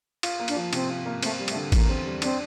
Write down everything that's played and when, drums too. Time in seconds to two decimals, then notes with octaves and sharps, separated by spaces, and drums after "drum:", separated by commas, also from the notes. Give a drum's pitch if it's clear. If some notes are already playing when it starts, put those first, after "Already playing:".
0.23 F4, drum: cymbal
0.40 A#3
0.48 D4, drum: cymbal
0.56 F3
0.73 C3 C4, drum: cymbal
0.90 F4
1.06 A#3
1.23 A3 C4, drum: cymbal
1.39 G3
1.48 A3, drum: cymbal
1.56 D3
1.72 E2 A#3, drum: kick G#1, cymbal
1.89 C4
2.05 G3
2.22 C4 D4, drum: cymbal